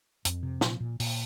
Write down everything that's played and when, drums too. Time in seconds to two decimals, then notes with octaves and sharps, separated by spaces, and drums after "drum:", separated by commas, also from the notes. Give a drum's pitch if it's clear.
0.25 F2, drum: hi-hat
0.43 C3
0.61 A#2, drum: snare
0.80 A#2
1.00 A#2, drum: open hi-hat